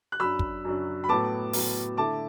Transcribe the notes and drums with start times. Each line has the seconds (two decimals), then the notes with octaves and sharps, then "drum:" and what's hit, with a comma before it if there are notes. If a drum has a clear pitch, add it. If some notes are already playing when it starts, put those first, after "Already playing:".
0.12 F#6
0.20 F#2 F#3 D4 B5 E6
0.39 drum: kick
0.65 F#2 F#3 D4
1.04 B5
1.09 A2 F#3 B3 A5 D6
1.53 A2 F#3 B3, drum: open hi-hat
1.97 D3 A3 E4 A5 D6